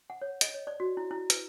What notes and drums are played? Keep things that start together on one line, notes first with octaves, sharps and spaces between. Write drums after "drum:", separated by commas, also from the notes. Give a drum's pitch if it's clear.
F#5
C#5
D#5, drum: hi-hat
C#5
D5
F#4
E4
E4
B4, drum: hi-hat